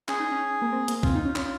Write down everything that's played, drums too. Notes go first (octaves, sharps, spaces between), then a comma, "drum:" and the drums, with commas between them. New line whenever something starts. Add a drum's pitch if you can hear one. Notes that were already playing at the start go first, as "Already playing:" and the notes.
C#4 G#4, drum: clap
D#4
C#4
A#3
C4
A#3, drum: hi-hat
C4 F4, drum: kick
D#4
C#4
C#4, drum: clap